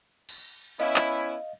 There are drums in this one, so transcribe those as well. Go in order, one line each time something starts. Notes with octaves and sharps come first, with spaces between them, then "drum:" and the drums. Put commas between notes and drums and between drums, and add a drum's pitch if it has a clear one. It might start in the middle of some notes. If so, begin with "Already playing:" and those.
drum: cymbal
B3 C#4 E4 D#5 F5, drum: hi-hat
drum: clap